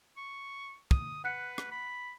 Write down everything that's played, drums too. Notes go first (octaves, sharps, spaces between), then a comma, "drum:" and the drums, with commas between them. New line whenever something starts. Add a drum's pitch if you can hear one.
C#6
D#6, drum: kick
B4 F#5 F#6 C#7
drum: rim click
B5